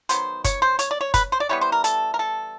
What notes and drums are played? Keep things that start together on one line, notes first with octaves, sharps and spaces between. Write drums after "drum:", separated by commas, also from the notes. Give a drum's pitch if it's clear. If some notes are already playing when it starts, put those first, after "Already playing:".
D#3 F#3 B3 C5, drum: hi-hat
C#5, drum: kick F#1, hi-hat
C5
C#5, drum: hi-hat
D5
C#5
B4, drum: kick F#1, hi-hat
C5
D5
E3 G3 B3 C#5
C5
A#4
A4, drum: hi-hat
A#4
A4